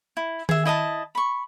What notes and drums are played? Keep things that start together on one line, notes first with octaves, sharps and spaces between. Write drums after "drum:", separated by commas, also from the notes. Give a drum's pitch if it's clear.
E4
G#4 E5, drum: tom D#3
E4 D#5 G5 A5
B5 C#6